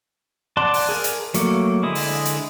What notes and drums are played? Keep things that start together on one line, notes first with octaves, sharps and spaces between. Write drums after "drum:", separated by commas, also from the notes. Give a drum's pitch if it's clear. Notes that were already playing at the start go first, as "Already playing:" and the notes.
D5 F#5 A5 C6 D6
drum: open hi-hat
G#4 A#4
drum: hi-hat
F#3 A3 A#3, drum: hi-hat
D3 G#3 E4 D#6
drum: open hi-hat
drum: hi-hat